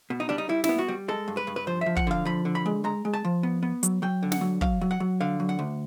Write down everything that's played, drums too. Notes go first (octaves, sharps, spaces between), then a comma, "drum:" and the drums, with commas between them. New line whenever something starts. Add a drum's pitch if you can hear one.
B2
D#4
G3 D4
D#4
G3 E4
E4, drum: snare
B3
F#4
G3
G#3 A4
G2
B4
G2
B4
F3 C5
F3 E5
F#5, drum: kick
D3 F5
F3 B5
D3
B5
G#3
G#3 A#5
G#3
A5
F3
B3
B3
F#3, drum: hi-hat
F#3 G5
D3
F#5, drum: snare
F#3
F#3 F5, drum: kick
F#3
F#5
F#3
D3 F5
F#3
F#5
D2